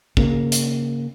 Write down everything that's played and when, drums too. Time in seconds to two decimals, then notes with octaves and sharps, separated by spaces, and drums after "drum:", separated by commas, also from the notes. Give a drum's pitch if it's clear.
0.17 C#3 A#3, drum: kick
0.52 drum: hi-hat